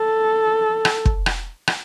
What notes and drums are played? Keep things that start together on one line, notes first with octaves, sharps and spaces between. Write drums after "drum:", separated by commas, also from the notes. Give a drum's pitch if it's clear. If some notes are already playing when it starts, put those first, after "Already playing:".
Already playing: A4
drum: rim click
drum: kick
drum: rim click
drum: rim click